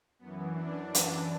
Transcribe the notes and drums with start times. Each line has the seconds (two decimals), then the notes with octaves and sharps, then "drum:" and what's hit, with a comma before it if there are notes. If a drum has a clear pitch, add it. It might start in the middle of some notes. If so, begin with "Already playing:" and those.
0.19 F#2 E3 B3
0.51 D4
0.84 D4
0.95 drum: hi-hat